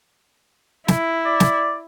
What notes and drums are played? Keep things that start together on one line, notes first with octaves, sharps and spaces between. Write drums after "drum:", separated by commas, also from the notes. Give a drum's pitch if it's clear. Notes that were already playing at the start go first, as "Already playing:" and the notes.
E4, drum: snare
D5
drum: snare